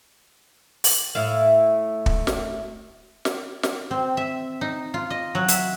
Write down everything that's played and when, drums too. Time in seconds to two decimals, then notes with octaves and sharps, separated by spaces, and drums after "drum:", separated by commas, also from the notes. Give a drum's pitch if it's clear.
0.84 drum: open hi-hat
1.15 A2 E4 F5
2.06 drum: kick
2.27 drum: snare
3.25 drum: snare
3.63 drum: snare
3.91 C4
4.17 E5
4.61 D#4
4.94 F4
5.10 D#5
5.35 F#3
5.48 E5, drum: hi-hat